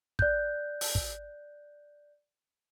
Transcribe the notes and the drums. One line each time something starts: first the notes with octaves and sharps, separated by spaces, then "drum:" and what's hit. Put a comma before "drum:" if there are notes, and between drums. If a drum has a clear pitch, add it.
D5 F#6 G6, drum: kick
drum: open hi-hat
drum: kick